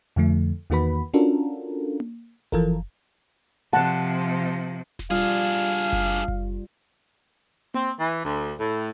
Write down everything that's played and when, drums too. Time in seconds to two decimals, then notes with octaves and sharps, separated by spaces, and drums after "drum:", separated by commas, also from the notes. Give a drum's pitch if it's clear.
0.16 F2 D3 F3 A3
0.70 E2 D#3 A#3 F#4 B4 B5
1.14 C#4 D4 F4 F#4 A4 A#4
2.00 drum: tom A#3
2.52 E3 F3 F4 A4 A#4, drum: kick F#1
3.73 C3 F3 F#5 A5
4.99 drum: snare E1
5.11 G3 D4 F4 G#4 F5
5.93 drum: kick F#1
6.28 drum: kick F#1
7.74 C4, drum: tom A#3
7.99 E3
8.25 D2
8.58 A2